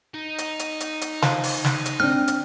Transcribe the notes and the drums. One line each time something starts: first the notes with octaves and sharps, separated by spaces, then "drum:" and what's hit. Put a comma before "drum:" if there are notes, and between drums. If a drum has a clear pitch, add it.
D#4
drum: hi-hat
drum: hi-hat
drum: hi-hat
drum: hi-hat
F3, drum: snare
drum: open hi-hat
drum: snare
drum: hi-hat
C4 D4 F6
drum: hi-hat